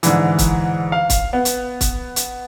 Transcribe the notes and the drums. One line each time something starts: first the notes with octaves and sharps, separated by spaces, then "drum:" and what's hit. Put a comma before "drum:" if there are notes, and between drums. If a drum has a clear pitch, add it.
G#2 D3 E3, drum: hi-hat
drum: kick, hi-hat
F5
drum: kick, hi-hat
B3
drum: hi-hat
drum: kick, hi-hat
drum: hi-hat